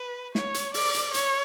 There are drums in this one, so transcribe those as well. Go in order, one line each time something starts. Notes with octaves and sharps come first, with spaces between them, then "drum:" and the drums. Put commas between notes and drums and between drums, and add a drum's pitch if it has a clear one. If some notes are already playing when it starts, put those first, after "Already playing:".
Already playing: B4
C#5, drum: snare
drum: hi-hat
D5, drum: open hi-hat
drum: hi-hat
C#5, drum: hi-hat